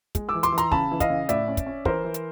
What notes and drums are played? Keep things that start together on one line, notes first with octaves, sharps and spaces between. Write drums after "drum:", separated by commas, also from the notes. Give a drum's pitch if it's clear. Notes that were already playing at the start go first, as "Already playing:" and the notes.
G#3, drum: kick, hi-hat
D6 E6
E3
C6 D6, drum: hi-hat
E3
A#5 C6, drum: hi-hat
C#3 A5 B5, drum: kick
E3
D#5 F5, drum: kick, hi-hat
C#3
A2 D5 E5, drum: hi-hat
C#4
drum: kick, hi-hat
C#4
E3 A#4 C5, drum: kick
E3
drum: hi-hat